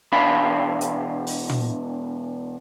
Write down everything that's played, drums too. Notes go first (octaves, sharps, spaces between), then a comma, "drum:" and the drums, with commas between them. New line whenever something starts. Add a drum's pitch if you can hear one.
E2 B2 D4 F5 B5
drum: hi-hat
drum: open hi-hat
drum: tom